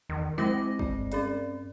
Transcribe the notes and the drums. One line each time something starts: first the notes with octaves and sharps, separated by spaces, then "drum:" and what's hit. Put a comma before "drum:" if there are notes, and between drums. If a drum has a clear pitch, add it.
E2 D#3
G#3 C4 E4 D6 A#6
G2 D5, drum: kick
C#4 G#4 D5, drum: hi-hat